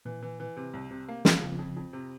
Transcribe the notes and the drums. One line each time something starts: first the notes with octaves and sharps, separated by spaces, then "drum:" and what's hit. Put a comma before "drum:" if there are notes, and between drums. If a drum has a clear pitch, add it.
A#2 E3
E3
E3
C3
C2
C3
A#3
A#3, drum: snare
F2 C#3 F3
F2
F2
C3